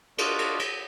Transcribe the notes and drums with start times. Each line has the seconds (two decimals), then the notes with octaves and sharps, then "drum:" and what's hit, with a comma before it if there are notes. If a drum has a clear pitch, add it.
0.18 D4 F4 F#4 D5 D#5, drum: cymbal
0.39 drum: cymbal
0.59 drum: cymbal